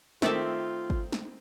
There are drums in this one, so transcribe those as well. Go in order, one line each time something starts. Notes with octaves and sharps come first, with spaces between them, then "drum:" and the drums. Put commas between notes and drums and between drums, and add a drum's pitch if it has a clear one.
D#3 A3 C4 F4 D5 E5, drum: snare
drum: kick
drum: snare